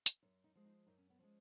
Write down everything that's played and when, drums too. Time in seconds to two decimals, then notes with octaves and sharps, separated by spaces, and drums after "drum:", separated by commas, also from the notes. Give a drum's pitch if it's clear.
0.06 drum: hi-hat
0.23 F#2
0.44 D#4
0.55 F3 G#3
0.65 D#4
0.87 F#2 D#4
0.98 C#4
1.10 B3
1.19 F3 G#3 C#4